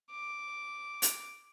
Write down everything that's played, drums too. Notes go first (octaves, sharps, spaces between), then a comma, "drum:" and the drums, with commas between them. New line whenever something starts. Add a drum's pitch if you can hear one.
D6
drum: hi-hat